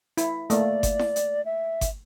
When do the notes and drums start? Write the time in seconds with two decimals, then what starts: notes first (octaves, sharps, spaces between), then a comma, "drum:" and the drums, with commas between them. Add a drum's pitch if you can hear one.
0.17 E4, drum: hi-hat
0.50 A3 A#3 D5, drum: hi-hat
0.83 drum: kick G1, hi-hat
0.99 drum: snare E4
1.16 drum: hi-hat
1.45 E5
1.81 drum: kick G1, hi-hat